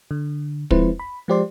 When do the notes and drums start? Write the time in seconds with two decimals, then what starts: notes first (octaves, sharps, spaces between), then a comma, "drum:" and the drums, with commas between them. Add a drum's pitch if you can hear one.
0.11 D3
0.71 F3 G#3 C4 E4 B4 C5, drum: kick
0.99 B5
1.28 F3 G#3 G4 C5 D5 C6